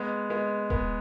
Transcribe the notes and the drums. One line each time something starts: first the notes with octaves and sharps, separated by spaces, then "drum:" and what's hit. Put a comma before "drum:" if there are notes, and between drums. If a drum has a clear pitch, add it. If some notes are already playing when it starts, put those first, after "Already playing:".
Already playing: G#3 B3
G#3 B3
G#3 B3, drum: kick D#1